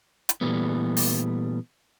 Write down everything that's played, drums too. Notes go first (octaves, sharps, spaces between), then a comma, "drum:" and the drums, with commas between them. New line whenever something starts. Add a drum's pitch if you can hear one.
drum: hi-hat
A#2 E3 G3 A3 B3
drum: open hi-hat